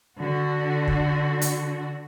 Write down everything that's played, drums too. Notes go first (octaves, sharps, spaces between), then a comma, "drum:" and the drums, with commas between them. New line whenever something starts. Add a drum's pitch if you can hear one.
D3 F#4
drum: kick
drum: hi-hat